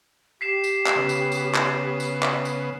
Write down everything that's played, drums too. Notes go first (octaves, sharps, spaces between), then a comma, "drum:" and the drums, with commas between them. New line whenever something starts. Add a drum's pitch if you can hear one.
G4 B6 C7 E7
drum: tambourine
drum: clap
C#3 B3
drum: tambourine
drum: tambourine
drum: clap
drum: tambourine
drum: clap
drum: tambourine